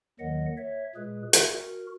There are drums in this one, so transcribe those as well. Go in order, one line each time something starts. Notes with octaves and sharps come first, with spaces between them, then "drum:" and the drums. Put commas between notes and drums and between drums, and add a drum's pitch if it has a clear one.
D#2 D#3 F#3 D#5 F#5
C#5 E5
A#2 G#3 G#4 B4
F#4 A#4, drum: hi-hat